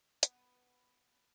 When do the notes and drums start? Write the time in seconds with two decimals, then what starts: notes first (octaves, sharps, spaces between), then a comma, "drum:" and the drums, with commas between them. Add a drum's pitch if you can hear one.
0.23 B3, drum: hi-hat